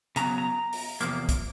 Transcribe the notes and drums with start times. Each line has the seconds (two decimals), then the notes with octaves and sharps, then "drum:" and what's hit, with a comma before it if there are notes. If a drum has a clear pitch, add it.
0.16 C#3 F#3 B3 A#5, drum: hi-hat
0.38 A#5
0.73 drum: open hi-hat
1.01 E2 C3 F3 A#3, drum: hi-hat
1.29 drum: kick, hi-hat